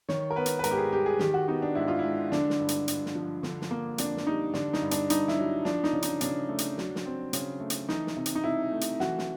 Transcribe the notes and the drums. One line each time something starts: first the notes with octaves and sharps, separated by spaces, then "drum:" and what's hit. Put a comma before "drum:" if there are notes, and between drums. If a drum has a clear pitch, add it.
D#3 C#5, drum: snare
A#4
B3 B4
drum: hi-hat
B4
G#2 A#4, drum: hi-hat
G4
G#4
G3 G4
G#4
D#3 G4, drum: snare
F#4
B3 D#4
D4
G#2 E4
F4
E4
G#3
D3 D4, drum: snare
drum: snare
G2
drum: hi-hat
G2, drum: hi-hat
drum: snare
F3
D3, drum: snare
drum: snare
A#3
F2 D4, drum: hi-hat
drum: snare
G3 D#4
D3 D4, drum: snare
D#4, drum: snare
G2
D4, drum: hi-hat
G2 D#4, drum: hi-hat
E4, drum: snare
F#3
F3 D4, drum: snare
D#4, drum: snare
C#3
D#4, drum: hi-hat
C#3 D4, drum: hi-hat
A3
drum: hi-hat
F#3, drum: snare
drum: snare
C4
C#3, drum: hi-hat
A3
drum: hi-hat
E3 D#4, drum: snare
drum: snare
C3
drum: hi-hat
D#4
C3 E4
A3
drum: hi-hat
E3 F#4, drum: snare
drum: snare